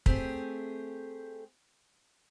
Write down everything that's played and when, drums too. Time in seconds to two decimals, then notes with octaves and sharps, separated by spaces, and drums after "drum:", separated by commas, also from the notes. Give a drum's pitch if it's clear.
0.06 A3 C4 G4 G#4, drum: kick